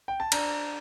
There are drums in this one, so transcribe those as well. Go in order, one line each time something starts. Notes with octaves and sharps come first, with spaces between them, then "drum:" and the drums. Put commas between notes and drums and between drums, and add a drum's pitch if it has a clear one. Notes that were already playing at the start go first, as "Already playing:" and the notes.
G5
A5
D4 A#5, drum: cymbal